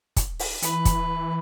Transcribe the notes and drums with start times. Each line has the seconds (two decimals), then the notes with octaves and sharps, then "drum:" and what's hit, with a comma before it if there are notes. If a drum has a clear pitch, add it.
0.16 drum: kick, hi-hat
0.39 drum: open hi-hat
0.62 E3 B4, drum: hi-hat
0.85 drum: kick, hi-hat